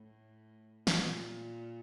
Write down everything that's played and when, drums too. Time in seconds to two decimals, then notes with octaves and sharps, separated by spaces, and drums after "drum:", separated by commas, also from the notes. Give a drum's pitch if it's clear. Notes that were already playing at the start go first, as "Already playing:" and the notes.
Already playing: A2
0.87 A#2, drum: snare